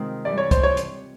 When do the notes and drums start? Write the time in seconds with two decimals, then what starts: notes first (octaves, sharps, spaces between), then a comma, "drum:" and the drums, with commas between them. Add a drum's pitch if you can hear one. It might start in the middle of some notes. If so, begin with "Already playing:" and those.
Already playing: C3 D#3 G#3 C4 D#4 F4
0.25 G2 E3 G3 D5
0.38 C#5
0.51 C5, drum: kick, hi-hat
0.63 C#5
0.77 drum: hi-hat